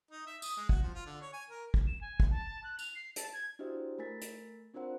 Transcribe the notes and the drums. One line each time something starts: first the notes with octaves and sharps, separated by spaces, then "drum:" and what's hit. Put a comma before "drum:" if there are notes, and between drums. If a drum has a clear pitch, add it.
D#4
E5
D#6, drum: tambourine
G#3
F#4, drum: kick
F3
F4
D3
C#5
G#5
A#4
drum: kick
E7
G#5
drum: kick
A5
F#6
F7, drum: tambourine
C7
A5, drum: hi-hat
G#6
D4 E4 F#4 G4 C5 D#5
A3 A#4 G#5 A6 B6
drum: hi-hat
C4 D4 F4 A#4 C5 F#5